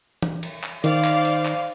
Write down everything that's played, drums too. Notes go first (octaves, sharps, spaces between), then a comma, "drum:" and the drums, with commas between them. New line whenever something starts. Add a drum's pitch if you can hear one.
drum: tom E3
drum: cymbal
drum: clap
D#3 D#4 C5 D5 F5, drum: cymbal
drum: clap
drum: cymbal
drum: clap